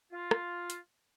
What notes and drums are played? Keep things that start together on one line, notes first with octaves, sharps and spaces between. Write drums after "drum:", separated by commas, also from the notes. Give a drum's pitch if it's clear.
F4
drum: rim click
drum: hi-hat